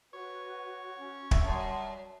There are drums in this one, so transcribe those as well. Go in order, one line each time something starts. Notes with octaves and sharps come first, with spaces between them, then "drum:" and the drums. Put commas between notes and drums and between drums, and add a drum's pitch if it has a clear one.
F#4 B4 C#5
C#4
E5, drum: kick
F#2 G3 A5